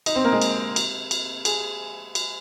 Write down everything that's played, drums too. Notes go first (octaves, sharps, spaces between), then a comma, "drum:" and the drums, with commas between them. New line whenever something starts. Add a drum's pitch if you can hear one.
D#4 D#5, drum: cymbal
C4 C5
A#3 A#4
G#3 G#4
drum: cymbal
drum: cymbal
drum: cymbal
G#4 G#5, drum: cymbal
drum: cymbal